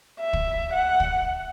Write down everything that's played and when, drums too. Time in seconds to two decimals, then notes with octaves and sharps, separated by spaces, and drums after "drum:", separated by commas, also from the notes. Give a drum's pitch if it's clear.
0.20 E5
0.33 drum: kick
0.74 F#5
1.00 drum: kick